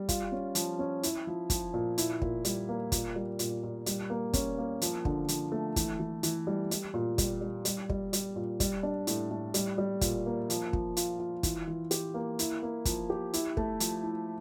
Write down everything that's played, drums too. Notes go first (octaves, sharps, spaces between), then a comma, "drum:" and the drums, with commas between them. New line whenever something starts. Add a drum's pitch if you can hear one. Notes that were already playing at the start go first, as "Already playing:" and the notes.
Already playing: G3
F4, drum: kick, hi-hat
C#4
F3, drum: hi-hat
C#4
E4, drum: hi-hat
F3
F3, drum: kick, hi-hat
A#2
E4, drum: hi-hat
A#2, drum: kick
G3, drum: hi-hat
A#3
A#2, drum: kick, hi-hat
G3
A#2, drum: hi-hat
A#2
G3, drum: hi-hat
A#3
C#4, drum: kick, hi-hat
A#3
F3, drum: hi-hat
D3, drum: kick
F3, drum: hi-hat
A3
E3, drum: kick, hi-hat
E3
E3, drum: hi-hat
G3
G3, drum: hi-hat
A#2
G3, drum: kick, hi-hat
G3
G3, drum: hi-hat
G3, drum: kick
G3, drum: hi-hat
A#2
G3, drum: kick, hi-hat
D4
A2, drum: hi-hat
A2
G3, drum: hi-hat
G3
A#2, drum: kick, hi-hat
A#3
F3, drum: hi-hat
F3, drum: kick
F4, drum: hi-hat
F4
E3, drum: kick, hi-hat
E3
G4, drum: hi-hat
A#3
E4, drum: hi-hat
A#3
F3, drum: kick, hi-hat
G4
E4, drum: hi-hat
A3, drum: kick
F3, drum: hi-hat
E4